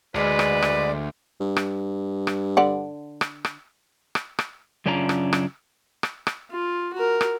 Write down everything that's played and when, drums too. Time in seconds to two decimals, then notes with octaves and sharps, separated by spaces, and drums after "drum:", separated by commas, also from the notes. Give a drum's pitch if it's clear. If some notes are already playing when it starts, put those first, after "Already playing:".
0.15 D2 G#3 B4 D5
0.39 drum: rim click
0.62 drum: rim click
1.40 G2
1.56 drum: rim click
2.27 drum: rim click
2.57 D3 D5 F#5
3.21 drum: rim click
3.45 drum: rim click
4.15 drum: rim click
4.39 drum: rim click
4.86 F#2 C#3 C#4 D4 F4 A#5
5.09 drum: rim click
5.33 drum: rim click
6.03 drum: rim click
6.27 drum: rim click
6.51 F4
6.93 F#4 A#4
7.21 drum: rim click